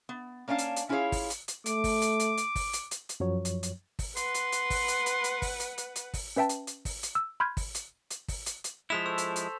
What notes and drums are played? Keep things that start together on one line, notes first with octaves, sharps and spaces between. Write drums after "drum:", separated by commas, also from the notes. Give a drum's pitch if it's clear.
B3
A#3 C#4 D4 F5 A5
drum: hi-hat
drum: hi-hat
C#4 E4 F4 G#4 C#5 F5
drum: kick, open hi-hat
drum: hi-hat
drum: hi-hat
A3 D6, drum: hi-hat
drum: kick, open hi-hat
drum: hi-hat
drum: hi-hat
drum: hi-hat
drum: kick, open hi-hat
drum: hi-hat
drum: hi-hat
drum: hi-hat
F#2 F3 F#3 C#5
drum: hi-hat
drum: hi-hat
drum: kick, open hi-hat
B4 F#5 C6, drum: hi-hat
drum: hi-hat
drum: hi-hat
drum: kick, open hi-hat
drum: hi-hat
drum: hi-hat
drum: hi-hat
drum: kick, open hi-hat
drum: hi-hat
drum: hi-hat
drum: hi-hat
drum: kick, open hi-hat
C#4 B4 E5 G5 A5
drum: hi-hat
drum: hi-hat
drum: kick, open hi-hat
drum: hi-hat
E6
B5 C6 F6 G6 G#6
drum: kick, open hi-hat
drum: hi-hat
drum: hi-hat
drum: kick, open hi-hat
drum: hi-hat
drum: hi-hat
F3 G#3 E4 B6 E7 F7
A4 C5 C#6 E6
drum: hi-hat
drum: hi-hat